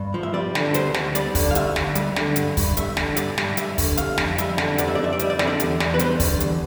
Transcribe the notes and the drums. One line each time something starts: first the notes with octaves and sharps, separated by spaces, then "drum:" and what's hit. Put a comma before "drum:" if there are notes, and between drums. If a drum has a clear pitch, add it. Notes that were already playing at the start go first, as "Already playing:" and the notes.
Already playing: G2
F3
E5
G3 D5
D3, drum: snare
D2 C5, drum: hi-hat
D2, drum: snare
G3 D5, drum: hi-hat
D3, drum: kick, open hi-hat
F5
D2 E5, drum: hi-hat
D2, drum: snare
G3, drum: hi-hat
D3, drum: snare
G2, drum: hi-hat
G2, drum: kick, open hi-hat
G3 E5, drum: hi-hat
D3, drum: snare
G2 D5, drum: hi-hat
G2, drum: snare
G3 E5, drum: hi-hat
D3, drum: kick, open hi-hat
F2 F5, drum: hi-hat
F2, drum: snare
G3 E5, drum: hi-hat
D3, drum: snare
F2 D5, drum: hi-hat
E5
F2 D5
E5
D5
G3 E5, drum: hi-hat
D5
D3 E5, drum: snare
D5
E2, drum: hi-hat
E2, drum: snare
B4
G3 C5, drum: hi-hat
D3, drum: kick, open hi-hat
E2, drum: hi-hat